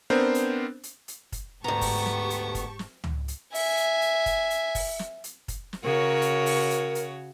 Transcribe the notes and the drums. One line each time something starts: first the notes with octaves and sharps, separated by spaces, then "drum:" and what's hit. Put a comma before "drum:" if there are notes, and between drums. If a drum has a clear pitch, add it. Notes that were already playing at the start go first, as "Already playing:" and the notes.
B3 C4 D4 A#4 C5
drum: hi-hat
drum: hi-hat
drum: hi-hat
drum: kick, hi-hat
D2 G#2 B3 G4 A5 A#5 C#6
drum: kick, open hi-hat
drum: snare
drum: hi-hat
drum: kick, hi-hat
drum: snare
drum: tom C#2
drum: hi-hat
E5 G#5, drum: open hi-hat
drum: hi-hat
drum: hi-hat
drum: kick, hi-hat
drum: hi-hat
drum: kick, open hi-hat
drum: snare
drum: hi-hat
drum: kick, hi-hat
drum: snare
C#3 F#4 A#4 C#5
drum: hi-hat
drum: open hi-hat
drum: hi-hat
drum: hi-hat